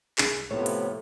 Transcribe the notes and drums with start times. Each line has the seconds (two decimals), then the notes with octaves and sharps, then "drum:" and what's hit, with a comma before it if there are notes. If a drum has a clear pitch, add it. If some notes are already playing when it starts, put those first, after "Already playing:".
0.18 C2 G#4, drum: clap
0.51 A2 C3 F3 A3 B3 C#5
0.66 drum: hi-hat